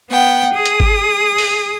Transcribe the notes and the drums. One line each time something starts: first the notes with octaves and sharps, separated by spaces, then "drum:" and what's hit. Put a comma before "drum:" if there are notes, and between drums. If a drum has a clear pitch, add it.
B3 F#5 G5
G#4 D#6
drum: hi-hat
drum: kick G1
drum: open hi-hat